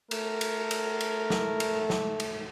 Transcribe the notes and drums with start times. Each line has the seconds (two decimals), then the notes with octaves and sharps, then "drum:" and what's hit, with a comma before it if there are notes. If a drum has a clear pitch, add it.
0.11 A3 A#4, drum: cymbal
0.41 drum: cymbal
0.71 drum: cymbal
1.01 drum: cymbal
1.30 drum: snare
1.60 drum: cymbal
1.90 drum: snare
2.20 drum: cymbal